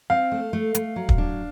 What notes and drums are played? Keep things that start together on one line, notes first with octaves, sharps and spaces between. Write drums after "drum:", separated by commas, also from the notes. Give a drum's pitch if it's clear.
C4 F5
A3
A3
A3, drum: hi-hat
F#3
drum: kick
D4